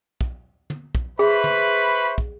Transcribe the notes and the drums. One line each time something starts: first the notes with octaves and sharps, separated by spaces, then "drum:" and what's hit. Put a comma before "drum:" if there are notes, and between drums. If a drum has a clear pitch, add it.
drum: kick
drum: tom
drum: kick
G#4 B4 C5 E5 B5 C#6
drum: tom
drum: kick